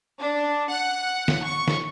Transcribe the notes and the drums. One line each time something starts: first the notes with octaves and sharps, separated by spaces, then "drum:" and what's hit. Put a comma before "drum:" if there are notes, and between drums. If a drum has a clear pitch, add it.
D4
F#5
drum: snare
C#6
drum: snare